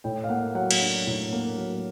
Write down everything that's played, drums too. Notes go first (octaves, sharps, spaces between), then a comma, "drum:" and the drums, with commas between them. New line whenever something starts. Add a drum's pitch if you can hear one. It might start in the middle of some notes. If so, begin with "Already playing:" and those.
A2 G5
F5
A#3 F#5
F#3 F#5
drum: cymbal
D4
A2
A#3
F#3